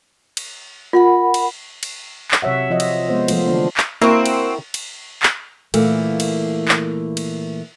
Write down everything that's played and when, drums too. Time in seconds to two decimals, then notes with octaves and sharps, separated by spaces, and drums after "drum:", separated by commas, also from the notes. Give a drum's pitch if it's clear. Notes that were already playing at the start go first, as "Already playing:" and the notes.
0.37 drum: cymbal
0.93 F4 A#4 F#5 B5
1.34 drum: cymbal
1.83 drum: cymbal
2.31 drum: clap
2.42 C3 F#3 C#5 E5 F#5
2.70 F3 F4 D#5 E5
2.80 drum: cymbal
3.07 G#3 B3 C5 F#5
3.28 F3 A3 F4, drum: cymbal
3.48 D3 E3 A#3 D4
3.77 drum: clap
4.02 A#3 C4 E4 F#4 A#4
4.26 drum: cymbal
4.74 drum: cymbal
5.23 drum: clap
5.74 A#2 E3 A3 A#3, drum: cymbal
6.20 drum: cymbal
6.68 drum: clap
7.17 drum: cymbal